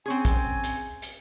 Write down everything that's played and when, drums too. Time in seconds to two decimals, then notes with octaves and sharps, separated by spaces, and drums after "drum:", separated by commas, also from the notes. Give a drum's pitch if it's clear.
0.06 C4 C#4 G#4 G#5
0.25 drum: kick, hi-hat
0.64 drum: hi-hat
1.02 drum: hi-hat